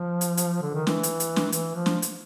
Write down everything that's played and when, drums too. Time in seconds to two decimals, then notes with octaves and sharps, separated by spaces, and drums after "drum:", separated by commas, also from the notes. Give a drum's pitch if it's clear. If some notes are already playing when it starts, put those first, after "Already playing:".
Already playing: F3
0.21 drum: hi-hat
0.37 drum: hi-hat
0.62 D3
0.74 D#3
0.87 E3, drum: snare
1.03 drum: hi-hat
1.20 drum: hi-hat
1.36 drum: snare
1.52 E3, drum: hi-hat
1.75 F3
1.86 drum: snare
2.02 drum: hi-hat